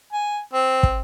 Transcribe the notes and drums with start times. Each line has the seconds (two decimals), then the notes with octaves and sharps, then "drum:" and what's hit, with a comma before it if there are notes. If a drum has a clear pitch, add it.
0.13 G#5
0.53 C4
0.83 drum: kick